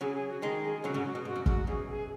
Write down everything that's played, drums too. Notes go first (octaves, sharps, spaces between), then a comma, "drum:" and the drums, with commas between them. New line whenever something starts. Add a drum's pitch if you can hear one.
C#3 F#3 G#4
G#4
F#4
D#3 G#3 G#4
G#4
C#3 F#3 F#4
G#2 C#3
F#4
B2
G#2 F#4
F#2
G#2 F#4, drum: kick
F#2 B2 G#4
G#4